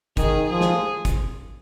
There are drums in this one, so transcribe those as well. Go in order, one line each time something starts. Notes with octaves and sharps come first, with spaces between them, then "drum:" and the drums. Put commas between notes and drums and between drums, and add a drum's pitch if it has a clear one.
D#3 G#4, drum: kick, hi-hat
F3 G#4
drum: snare
drum: kick, hi-hat